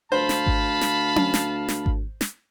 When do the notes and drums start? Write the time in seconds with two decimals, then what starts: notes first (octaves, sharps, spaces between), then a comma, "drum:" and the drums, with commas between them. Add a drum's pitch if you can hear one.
0.12 D2 C5 F5 A5 B5
0.29 drum: snare
0.47 drum: kick G#1
0.81 drum: snare
1.16 drum: tom C#4
1.34 drum: snare
1.68 drum: snare
1.86 drum: kick G#1
2.21 drum: snare